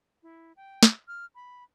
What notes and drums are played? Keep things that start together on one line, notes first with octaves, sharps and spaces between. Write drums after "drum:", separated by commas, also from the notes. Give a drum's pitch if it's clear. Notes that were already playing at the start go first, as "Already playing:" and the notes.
E4
G5
drum: snare
F6
B5